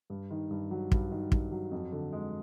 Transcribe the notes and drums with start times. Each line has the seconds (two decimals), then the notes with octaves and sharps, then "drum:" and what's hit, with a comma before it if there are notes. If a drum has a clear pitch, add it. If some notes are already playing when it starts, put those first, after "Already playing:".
0.10 G2
0.31 D#3
0.51 G2
0.71 F#3
0.92 G2, drum: kick
1.11 D#3
1.32 G2, drum: kick
1.51 F#3
1.72 F2
1.92 D3
2.13 G#3